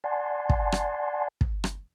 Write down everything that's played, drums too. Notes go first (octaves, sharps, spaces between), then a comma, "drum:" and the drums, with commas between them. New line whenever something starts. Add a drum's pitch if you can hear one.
D5 F#5 G#5 A5 C6
drum: kick
drum: rim click
drum: kick
drum: rim click